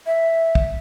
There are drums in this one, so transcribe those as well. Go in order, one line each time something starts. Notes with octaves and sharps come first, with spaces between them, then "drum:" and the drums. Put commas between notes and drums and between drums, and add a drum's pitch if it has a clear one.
E5
drum: kick